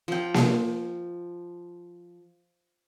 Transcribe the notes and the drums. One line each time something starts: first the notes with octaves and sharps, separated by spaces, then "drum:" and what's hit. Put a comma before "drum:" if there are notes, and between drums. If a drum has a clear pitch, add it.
F3 G5
drum: snare A#3